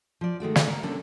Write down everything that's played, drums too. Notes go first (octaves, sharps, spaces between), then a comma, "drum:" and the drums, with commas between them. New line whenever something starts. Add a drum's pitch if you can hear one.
F3 D5
D#3 G#3 A3 F#4
drum: snare
A#4
C3 G3 A#3 C#4 D4 A4